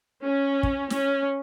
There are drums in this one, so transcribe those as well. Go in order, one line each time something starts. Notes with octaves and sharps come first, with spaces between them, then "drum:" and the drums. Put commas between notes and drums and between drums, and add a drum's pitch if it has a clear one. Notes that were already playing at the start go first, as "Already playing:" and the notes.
C#4
drum: kick
C#4, drum: snare